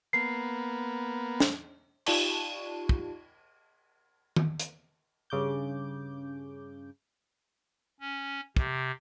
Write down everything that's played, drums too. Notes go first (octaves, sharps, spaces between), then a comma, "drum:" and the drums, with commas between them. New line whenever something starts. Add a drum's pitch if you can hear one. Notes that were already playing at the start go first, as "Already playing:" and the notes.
A#3 B3 C7
drum: snare
D#4 F4 G4 D5 A5 C#6, drum: cymbal
drum: kick
drum: tom D#3
drum: hi-hat
G2 C#3 D6 G6
C#4
C3, drum: kick